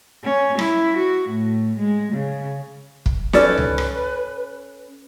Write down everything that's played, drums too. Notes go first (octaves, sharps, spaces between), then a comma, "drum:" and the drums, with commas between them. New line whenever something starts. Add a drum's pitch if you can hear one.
C#4
E4, drum: rim click
F#4
A2
G#3
C#3
drum: kick
C#4 A4 B4 D5, drum: snare
drum: tom C#2
drum: rim click